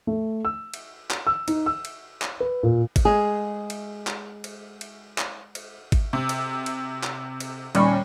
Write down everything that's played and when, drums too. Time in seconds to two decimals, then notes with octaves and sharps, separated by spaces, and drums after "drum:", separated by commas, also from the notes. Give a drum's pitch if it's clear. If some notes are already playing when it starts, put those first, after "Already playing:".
0.07 A3
0.45 E6
0.74 drum: cymbal
1.11 drum: clap
1.27 E6
1.48 D#4, drum: cymbal
1.66 E6
1.85 drum: cymbal
2.22 drum: clap
2.40 B4
2.63 A#2
2.96 drum: kick G#1, cymbal
3.05 G#3 G#4
3.70 drum: cymbal
4.07 drum: clap
4.44 drum: cymbal
4.81 drum: cymbal
5.18 drum: clap
5.55 drum: cymbal
5.92 drum: kick G#1, cymbal
6.13 C3
6.29 drum: cymbal
6.66 drum: cymbal
7.03 drum: clap
7.40 drum: cymbal
7.75 D#2 A#2 G3 C#4 D5 B5 C#7, drum: cymbal